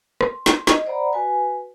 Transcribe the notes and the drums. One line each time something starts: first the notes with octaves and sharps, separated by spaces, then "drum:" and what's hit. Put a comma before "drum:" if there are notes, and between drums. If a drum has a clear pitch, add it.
C6, drum: rim click
drum: snare
D#5, drum: snare
C5 D5 F#5 A#5 B5
F#4 B4 G#5